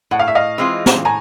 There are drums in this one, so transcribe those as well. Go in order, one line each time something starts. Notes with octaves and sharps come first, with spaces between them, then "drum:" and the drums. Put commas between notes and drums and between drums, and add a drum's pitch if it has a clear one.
A2 F#5
F5
E5
D#5 F5
E3 G#3 C4 F4
drum: snare
A2 G#5 A#5